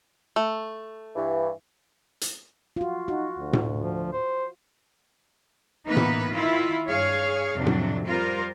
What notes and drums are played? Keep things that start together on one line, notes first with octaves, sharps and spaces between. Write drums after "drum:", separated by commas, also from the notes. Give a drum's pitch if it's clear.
A3
G2 E3
drum: hi-hat
F4 F#4
D#4 F#4
D2
drum: tom A2
F3
C5
E3 A#3 B3 D#4 B4
drum: tom A2
D#3 E4 F4
G2 G#4 C#5 F5
F2 C3 F#3 D4
drum: tom A2
G3 F4 A#4 C5